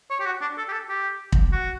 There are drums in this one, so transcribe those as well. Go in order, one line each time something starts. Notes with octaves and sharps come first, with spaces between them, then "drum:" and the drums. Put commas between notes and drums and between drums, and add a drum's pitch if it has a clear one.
C#5
G4
F#4
D4
A4
G4
A4
G4
drum: kick
F#4